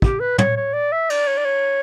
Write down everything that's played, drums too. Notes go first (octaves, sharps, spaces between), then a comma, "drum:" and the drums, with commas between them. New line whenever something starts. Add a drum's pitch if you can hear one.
G4, drum: kick
B4
C#5, drum: tom
C#5
D5
E5
D5, drum: cymbal
C#5
D5
C#5